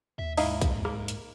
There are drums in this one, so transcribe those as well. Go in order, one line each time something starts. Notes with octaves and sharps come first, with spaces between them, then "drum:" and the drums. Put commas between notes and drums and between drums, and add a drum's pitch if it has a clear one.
D#2 E5
G#2 D#4 E4 F5, drum: open hi-hat
drum: kick, hi-hat
A#3, drum: rim click
drum: hi-hat